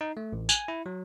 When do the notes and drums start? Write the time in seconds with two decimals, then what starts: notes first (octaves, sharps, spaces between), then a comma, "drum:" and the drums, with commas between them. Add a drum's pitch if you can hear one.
0.01 D#4
0.17 A3
0.32 A1
0.49 G#5, drum: tambourine
0.68 E4
0.86 F#3